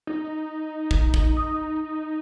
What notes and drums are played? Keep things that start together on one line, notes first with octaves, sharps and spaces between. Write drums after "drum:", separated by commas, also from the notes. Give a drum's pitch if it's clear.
D#4
drum: kick
drum: kick
D#6